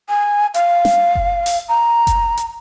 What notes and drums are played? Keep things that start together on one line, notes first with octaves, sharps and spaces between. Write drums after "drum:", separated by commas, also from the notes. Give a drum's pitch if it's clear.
G#5
F5, drum: hi-hat
drum: snare
drum: kick F#1
drum: open hi-hat
A#5
drum: kick F#1, hi-hat
drum: hi-hat